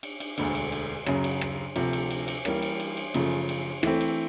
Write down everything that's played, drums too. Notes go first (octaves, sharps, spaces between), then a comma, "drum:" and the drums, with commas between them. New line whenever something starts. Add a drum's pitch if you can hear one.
drum: cymbal
drum: cymbal
E1 D2 D3, drum: cymbal
drum: cymbal
drum: cymbal
F#2 C#3 F#3, drum: rim click
drum: cymbal
drum: rim click
D2 C3 F3, drum: cymbal
drum: cymbal
drum: cymbal
drum: cymbal
E3 G3 A#3 C#4, drum: rim click
drum: cymbal
drum: cymbal
drum: cymbal
F#2 C#3 F3 A3, drum: cymbal
drum: cymbal
E3 A3 C4, drum: rim click
drum: cymbal